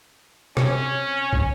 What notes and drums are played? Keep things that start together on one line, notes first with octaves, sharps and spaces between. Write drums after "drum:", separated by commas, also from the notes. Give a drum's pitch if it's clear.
C3 C#4, drum: rim click
drum: kick